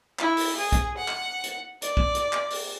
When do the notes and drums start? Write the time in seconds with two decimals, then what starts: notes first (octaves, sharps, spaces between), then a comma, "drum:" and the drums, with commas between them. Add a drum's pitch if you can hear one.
0.19 E4, drum: clap
0.37 drum: open hi-hat
0.55 G#4
0.72 drum: kick B1, hi-hat
0.97 F#5
1.08 drum: clap
1.44 drum: hi-hat
1.82 D5, drum: hi-hat
1.97 drum: kick B1
2.15 drum: hi-hat
2.33 drum: clap
2.50 drum: open hi-hat